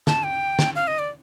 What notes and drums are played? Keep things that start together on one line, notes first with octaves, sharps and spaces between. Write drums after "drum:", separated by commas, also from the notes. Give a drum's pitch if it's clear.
A5, drum: snare
G5
drum: snare
F5
D#5
D5